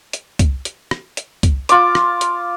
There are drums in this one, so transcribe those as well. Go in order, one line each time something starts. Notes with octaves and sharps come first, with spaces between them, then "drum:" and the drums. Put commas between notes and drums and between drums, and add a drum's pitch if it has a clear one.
drum: hi-hat
drum: kick, hi-hat
drum: hi-hat
drum: rim click
drum: hi-hat
drum: kick, hi-hat
F4 D6, drum: hi-hat
drum: rim click
drum: hi-hat